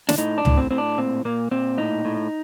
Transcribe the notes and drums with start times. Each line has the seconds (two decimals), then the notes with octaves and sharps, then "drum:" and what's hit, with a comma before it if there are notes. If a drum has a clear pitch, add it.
0.09 D4, drum: snare
0.18 A2 D#4
0.38 D4
0.45 A2, drum: tom C#2
0.57 C4
0.71 A2 C4
0.78 D4
0.98 A#2 C4
1.25 A#2 A#3
1.51 A#2 C4
1.78 A2 D#4
2.05 A2